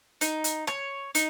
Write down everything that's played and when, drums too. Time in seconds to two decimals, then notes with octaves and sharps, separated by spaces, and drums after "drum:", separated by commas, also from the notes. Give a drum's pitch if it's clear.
0.21 D#4, drum: hi-hat
0.44 drum: hi-hat
0.67 C#5, drum: rim click
1.15 D#4, drum: hi-hat